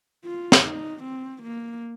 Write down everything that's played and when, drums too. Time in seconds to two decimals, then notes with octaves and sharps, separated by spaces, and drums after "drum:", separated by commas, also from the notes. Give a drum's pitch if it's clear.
0.25 F4
0.52 drum: snare
0.64 D#4
1.04 C4
1.43 A#3